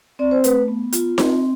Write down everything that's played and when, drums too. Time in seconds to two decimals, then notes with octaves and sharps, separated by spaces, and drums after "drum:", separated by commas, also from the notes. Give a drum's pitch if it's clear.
0.19 C4 D5
0.31 C5
0.44 A3 B4, drum: hi-hat
0.68 B3
0.93 F4, drum: hi-hat
1.18 C4, drum: snare D#4